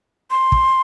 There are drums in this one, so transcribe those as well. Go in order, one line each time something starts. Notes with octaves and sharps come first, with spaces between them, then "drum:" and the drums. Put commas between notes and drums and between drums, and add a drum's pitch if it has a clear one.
C6
drum: kick